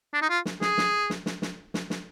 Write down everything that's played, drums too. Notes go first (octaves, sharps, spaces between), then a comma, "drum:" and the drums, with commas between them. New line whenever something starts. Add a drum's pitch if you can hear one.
D4
D#4
F4
drum: snare
G#4, drum: snare
drum: snare
drum: snare
drum: snare
drum: snare
drum: snare
drum: snare